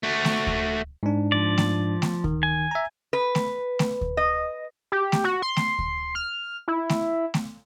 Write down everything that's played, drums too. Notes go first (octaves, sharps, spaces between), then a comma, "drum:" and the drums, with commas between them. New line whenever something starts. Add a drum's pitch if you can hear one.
A3 F#4
drum: snare A3
drum: kick D2
G#2 D4
F3 D5
drum: snare A3
drum: snare A3
D#3, drum: kick D2
G#5
E5 A#5
B4
drum: snare A3
drum: snare A3
drum: kick D2
D#5
G4
drum: snare A3
F#4
C6
drum: snare A3
drum: kick D2
F6
E4
drum: snare A3
drum: snare A3